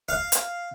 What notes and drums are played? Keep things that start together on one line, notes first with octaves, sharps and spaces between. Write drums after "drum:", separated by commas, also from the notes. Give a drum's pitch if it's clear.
F5
drum: hi-hat